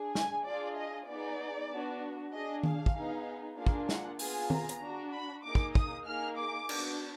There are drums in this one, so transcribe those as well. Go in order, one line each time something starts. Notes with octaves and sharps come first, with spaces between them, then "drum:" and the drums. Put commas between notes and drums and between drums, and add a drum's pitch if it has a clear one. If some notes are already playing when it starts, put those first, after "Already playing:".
Already playing: D4 G#4
G#5, drum: snare
D4 F4 G#4 D5
D#5
B3 D#4 G#4 D5
B3 D4 F#4
D4 G#4 D#5
F5, drum: tom D#3
drum: kick
B3 D#4 G#4
A#3 D4 F4 G#4 F5
drum: kick
F#5, drum: snare
B3 F4 G#4 G#5, drum: open hi-hat
A#5, drum: tom D#3
drum: hi-hat
D4 F#4
B5
A#3 D#4 G#4 D6
drum: kick
D#6, drum: kick
A#3 D#4 G#4 F6
D6
B3 D4 F#4, drum: cymbal